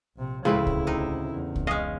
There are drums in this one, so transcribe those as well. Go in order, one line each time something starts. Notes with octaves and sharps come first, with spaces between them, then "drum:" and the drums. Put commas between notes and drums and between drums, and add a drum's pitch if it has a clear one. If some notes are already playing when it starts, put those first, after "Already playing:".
A#1 C3
D2 A2 C#3 F3 G#3 C4 E4 B4
drum: kick C2
C3 D#4
E2
drum: kick C2
G#3 C#4 D#5 F5